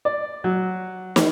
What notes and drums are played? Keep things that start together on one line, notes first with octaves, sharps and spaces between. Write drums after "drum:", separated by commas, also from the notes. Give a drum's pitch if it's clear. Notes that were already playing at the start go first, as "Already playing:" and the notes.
D5
F#3
drum: snare